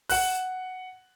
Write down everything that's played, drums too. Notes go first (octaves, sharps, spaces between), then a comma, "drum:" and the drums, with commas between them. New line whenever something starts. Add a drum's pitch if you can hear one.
F#5 F#6, drum: open hi-hat